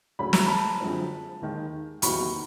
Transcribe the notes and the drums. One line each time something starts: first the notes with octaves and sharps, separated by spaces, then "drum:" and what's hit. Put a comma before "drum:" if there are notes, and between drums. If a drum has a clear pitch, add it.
D2 C#3 F#3 A3 C#4 B5
A#5, drum: snare
A5 B5
F#2 D3 F3 G#3 C4
D#2 D#3 G#3
E2 C3 D#3 F#3 A#3 B5 C#6, drum: hi-hat